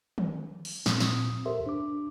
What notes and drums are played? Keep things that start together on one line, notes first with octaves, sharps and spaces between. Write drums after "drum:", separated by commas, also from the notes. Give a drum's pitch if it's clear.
drum: tom
drum: cymbal
A#2 C4 D#6, drum: snare
drum: snare
G4 A4 A#4 C5 E5 C6
D4 D6